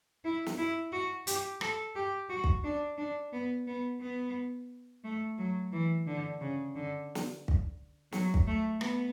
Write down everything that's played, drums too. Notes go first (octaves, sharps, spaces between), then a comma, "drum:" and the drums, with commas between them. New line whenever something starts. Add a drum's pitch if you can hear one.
E4
drum: snare
E4
F#4
G4, drum: hi-hat
A4, drum: rim click
G4
F#4
drum: kick
D4
D4
B3
B3
B3
A3
F#3
E3
D3
C#3
D3
drum: snare
drum: kick
F#3, drum: snare
drum: kick
A3
B3, drum: rim click